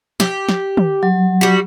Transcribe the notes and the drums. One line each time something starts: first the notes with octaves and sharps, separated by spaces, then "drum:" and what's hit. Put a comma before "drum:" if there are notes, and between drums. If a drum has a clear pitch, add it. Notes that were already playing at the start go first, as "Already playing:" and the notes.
G4, drum: snare
drum: snare
drum: tom
F#3
G3 F#4